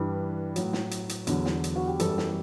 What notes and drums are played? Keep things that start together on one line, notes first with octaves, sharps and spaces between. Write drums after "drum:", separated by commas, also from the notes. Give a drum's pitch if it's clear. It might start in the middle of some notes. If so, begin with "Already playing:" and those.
Already playing: G2 E3 G3 B4
A2 F#3, drum: hi-hat
drum: snare
drum: hi-hat
drum: hi-hat
E2 D3 F#3, drum: hi-hat
drum: snare
drum: hi-hat
F#4
G4
F#2 E3 G3 A4, drum: hi-hat
drum: snare